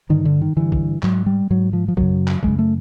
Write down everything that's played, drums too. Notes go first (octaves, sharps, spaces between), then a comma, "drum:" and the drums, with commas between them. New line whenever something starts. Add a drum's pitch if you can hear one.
G2 D3 D#3
D3
D#3
G2 D3 E3
drum: kick
G#2 F#3, drum: clap
G3
G#2 F#3
F3
F3
F#2 C#3 F#3, drum: kick
drum: clap
F#2 C#3 G#3, drum: kick
A3